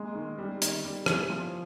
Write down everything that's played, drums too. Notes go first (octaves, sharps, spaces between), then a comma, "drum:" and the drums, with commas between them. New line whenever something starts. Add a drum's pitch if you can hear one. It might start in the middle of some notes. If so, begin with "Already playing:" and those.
Already playing: G#3 A#3
D#3
G3
D#3, drum: hi-hat
G3
E3, drum: rim click
F3